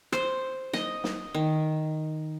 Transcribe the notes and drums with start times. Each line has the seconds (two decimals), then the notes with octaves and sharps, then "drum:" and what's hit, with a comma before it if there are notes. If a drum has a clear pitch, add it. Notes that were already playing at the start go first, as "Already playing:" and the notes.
0.12 C5, drum: rim click
0.73 D#5, drum: snare
1.04 drum: snare
1.34 D#3